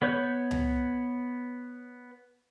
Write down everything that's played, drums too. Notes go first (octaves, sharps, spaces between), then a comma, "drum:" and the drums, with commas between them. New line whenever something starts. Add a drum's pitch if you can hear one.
B3 B4 C#5 G6
drum: tom C#2